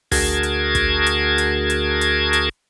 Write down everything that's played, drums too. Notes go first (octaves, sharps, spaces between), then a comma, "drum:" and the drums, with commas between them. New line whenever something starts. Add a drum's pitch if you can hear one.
D2 F#4 G#4 A#4 A5 G#6, drum: kick, open hi-hat
drum: hi-hat
drum: kick, hi-hat
drum: hi-hat
drum: hi-hat
drum: hi-hat
drum: hi-hat
drum: hi-hat